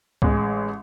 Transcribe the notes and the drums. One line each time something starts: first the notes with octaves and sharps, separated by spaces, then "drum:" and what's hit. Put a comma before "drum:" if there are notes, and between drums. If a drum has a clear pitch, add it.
A1 G#3, drum: kick C#2